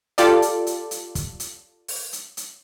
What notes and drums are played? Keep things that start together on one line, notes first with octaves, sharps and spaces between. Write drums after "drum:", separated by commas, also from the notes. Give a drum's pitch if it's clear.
F4 G4 A4 D5, drum: hi-hat
drum: hi-hat
drum: hi-hat
drum: hi-hat
drum: kick, hi-hat
drum: hi-hat
drum: open hi-hat
drum: hi-hat
drum: hi-hat